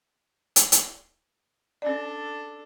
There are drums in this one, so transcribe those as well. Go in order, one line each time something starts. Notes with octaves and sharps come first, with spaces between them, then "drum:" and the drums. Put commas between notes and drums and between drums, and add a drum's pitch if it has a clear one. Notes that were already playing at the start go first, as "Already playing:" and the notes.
drum: hi-hat
drum: hi-hat
C#4 D4 A4 D5